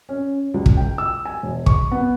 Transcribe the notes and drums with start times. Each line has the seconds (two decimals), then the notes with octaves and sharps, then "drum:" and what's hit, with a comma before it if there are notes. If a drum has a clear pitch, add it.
0.09 C#4
0.54 C#2
0.66 drum: kick
0.77 G5
0.98 E6
1.25 G#5
1.43 E1
1.66 C#6, drum: kick
1.92 B3